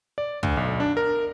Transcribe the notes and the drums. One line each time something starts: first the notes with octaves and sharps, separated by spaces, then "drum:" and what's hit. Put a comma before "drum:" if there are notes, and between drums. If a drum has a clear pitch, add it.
D5
D2, drum: kick
B1
D4
A#4